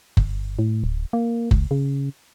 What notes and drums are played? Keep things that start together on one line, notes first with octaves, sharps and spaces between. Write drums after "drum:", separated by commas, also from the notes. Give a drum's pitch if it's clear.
G1, drum: kick F#1
A2
D1
A#3
C#2, drum: kick F#1
C#3